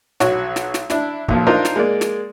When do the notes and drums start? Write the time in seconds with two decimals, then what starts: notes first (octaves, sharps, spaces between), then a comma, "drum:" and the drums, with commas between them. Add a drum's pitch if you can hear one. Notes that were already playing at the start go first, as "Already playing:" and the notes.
0.20 B1 F#4 C#5, drum: snare
0.56 drum: snare
0.74 drum: snare
0.90 D4 E4, drum: snare
1.28 B1 A#2 F3, drum: kick
1.47 D4 D#4 F4 A#4 C5
1.65 drum: snare
1.76 G#3 A#3 D5
2.01 drum: snare